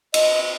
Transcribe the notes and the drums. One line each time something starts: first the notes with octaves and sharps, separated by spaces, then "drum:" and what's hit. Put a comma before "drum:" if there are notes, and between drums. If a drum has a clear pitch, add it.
D#5, drum: cymbal